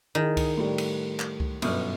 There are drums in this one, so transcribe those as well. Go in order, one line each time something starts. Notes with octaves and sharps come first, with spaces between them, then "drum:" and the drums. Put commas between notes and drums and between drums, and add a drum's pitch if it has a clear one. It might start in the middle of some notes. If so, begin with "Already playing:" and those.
D#3 D#4 E4 G#4
drum: kick C#2, cymbal
A2 G3
drum: cymbal
drum: clap
drum: kick C#2
G1 F#2 B2 F6, drum: cymbal